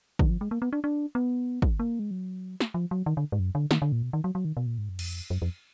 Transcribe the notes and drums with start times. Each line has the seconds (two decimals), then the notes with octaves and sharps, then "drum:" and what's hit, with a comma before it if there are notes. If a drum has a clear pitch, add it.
0.19 D#3, drum: kick
0.30 F3
0.41 G#3
0.51 A#3
0.62 B3
0.73 D4
0.84 D4
1.15 B3
1.62 drum: kick
1.79 A#3
1.99 G#3
2.11 F#3
2.60 drum: snare
2.74 F3
2.91 F#3
3.06 D#3
3.17 D3
3.32 G#2
3.39 F#2
3.55 D3
3.71 D#3, drum: snare
3.82 D3
3.92 A#2
4.03 B2
4.13 D#3
4.24 F#3
4.35 F#3
4.45 D#3
4.57 B2
4.67 A#2
4.78 G#2
4.89 F#2
4.99 F2, drum: cymbal
5.30 F#2
5.42 F2